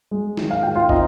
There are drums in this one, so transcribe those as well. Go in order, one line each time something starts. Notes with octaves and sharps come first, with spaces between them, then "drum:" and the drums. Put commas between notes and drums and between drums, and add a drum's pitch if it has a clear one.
G#3
D#3, drum: snare
F5
D#3 G5
F4 F5
C4 D#4 D#5, drum: kick